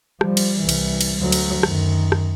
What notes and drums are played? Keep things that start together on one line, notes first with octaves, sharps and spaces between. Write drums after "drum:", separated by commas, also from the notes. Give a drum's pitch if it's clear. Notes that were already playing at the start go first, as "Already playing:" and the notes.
F3 G3, drum: rim click
drum: cymbal
C2 E3
drum: cymbal
drum: cymbal
D2 F#3
drum: cymbal
F#2 D#3, drum: rim click
drum: rim click